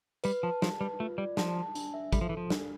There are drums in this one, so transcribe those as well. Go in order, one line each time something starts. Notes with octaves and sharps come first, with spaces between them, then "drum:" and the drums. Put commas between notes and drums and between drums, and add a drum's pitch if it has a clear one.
G3 B4, drum: tambourine
F3 A5
F3 A5, drum: snare
G3 B4
A3 F4
G3 D5
F3 A5, drum: snare
A5
D4, drum: tambourine
E5
G3 A4, drum: kick, tambourine
F3
E3 A4
F3
D4, drum: snare